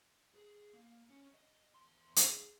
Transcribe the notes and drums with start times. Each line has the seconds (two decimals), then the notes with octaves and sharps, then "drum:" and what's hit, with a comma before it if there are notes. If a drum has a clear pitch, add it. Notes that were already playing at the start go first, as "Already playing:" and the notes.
0.34 G#4
0.73 A#3
1.09 C#4
1.34 D#5
1.74 E2 C6
2.16 G#4, drum: hi-hat